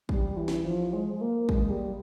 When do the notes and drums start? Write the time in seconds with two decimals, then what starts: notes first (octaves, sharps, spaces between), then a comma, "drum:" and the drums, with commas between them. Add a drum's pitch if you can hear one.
0.09 G3, drum: kick
0.37 E3
0.48 drum: snare
0.65 F3
0.93 G#3
1.14 G#3
1.21 A#3
1.49 G#3, drum: kick
1.69 G3